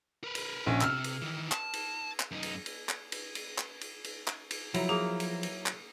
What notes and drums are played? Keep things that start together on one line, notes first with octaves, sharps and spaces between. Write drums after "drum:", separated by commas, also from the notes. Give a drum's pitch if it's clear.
A#4 B4
drum: cymbal
A#1 C#4
C3 E6 F6, drum: clap
drum: cymbal
D#3 E3
A5, drum: clap
drum: cymbal
drum: clap
F#2 D#4
drum: cymbal
drum: cymbal
drum: clap
drum: cymbal
drum: cymbal
drum: clap
drum: cymbal
drum: cymbal
drum: clap
drum: cymbal
F3 F#3 E4 A#5, drum: cymbal
A#3 G#4
drum: cymbal
drum: cymbal
drum: clap